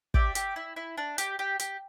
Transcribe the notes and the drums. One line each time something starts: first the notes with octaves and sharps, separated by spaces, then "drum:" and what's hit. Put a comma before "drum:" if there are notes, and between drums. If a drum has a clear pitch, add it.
G4 D5 E5, drum: kick
G4, drum: hi-hat
E4
E4
D4
G4, drum: hi-hat
G4
G4, drum: hi-hat